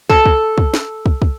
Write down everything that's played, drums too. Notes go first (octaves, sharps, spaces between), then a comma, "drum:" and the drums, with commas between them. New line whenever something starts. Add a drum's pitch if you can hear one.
A4, drum: kick
drum: kick
drum: kick
drum: snare
drum: kick
drum: kick